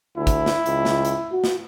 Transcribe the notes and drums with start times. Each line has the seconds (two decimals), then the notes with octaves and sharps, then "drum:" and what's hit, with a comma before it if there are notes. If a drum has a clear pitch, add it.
0.17 D2 E4
0.27 drum: kick, hi-hat
0.46 drum: snare
0.66 C#2, drum: hi-hat
0.85 drum: snare
1.05 drum: hi-hat
1.31 F#4
1.44 drum: snare